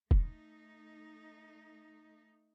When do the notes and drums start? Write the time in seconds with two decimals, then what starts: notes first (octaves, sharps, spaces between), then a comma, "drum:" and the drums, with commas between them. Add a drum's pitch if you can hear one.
0.11 A3 D#4, drum: kick E1